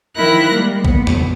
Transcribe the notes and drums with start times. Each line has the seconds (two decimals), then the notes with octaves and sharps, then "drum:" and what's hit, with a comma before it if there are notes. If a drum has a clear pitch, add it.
0.17 D#3 F3 E4 A#4 F#6 A#6
0.52 G3 G#3 A#3
0.85 A#2 B3, drum: kick
1.07 drum: tom E2